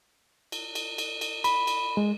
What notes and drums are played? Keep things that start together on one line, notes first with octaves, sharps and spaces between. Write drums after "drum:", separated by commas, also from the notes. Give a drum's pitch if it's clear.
drum: cymbal
drum: cymbal
drum: cymbal
drum: cymbal
B5, drum: cymbal
drum: cymbal
G#3